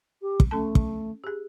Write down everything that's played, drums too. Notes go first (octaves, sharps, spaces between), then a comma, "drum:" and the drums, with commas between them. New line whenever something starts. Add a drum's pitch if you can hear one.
G4
drum: kick
A3 C#4 A4 A5
drum: kick
G4 G#4